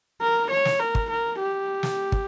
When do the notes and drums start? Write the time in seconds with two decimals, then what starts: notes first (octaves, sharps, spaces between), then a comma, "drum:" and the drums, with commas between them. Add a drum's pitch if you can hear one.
0.22 A#4
0.50 C#5
0.65 drum: snare
0.80 A#4
0.95 drum: kick
1.10 A#4
1.39 G4
1.83 drum: snare
2.12 drum: kick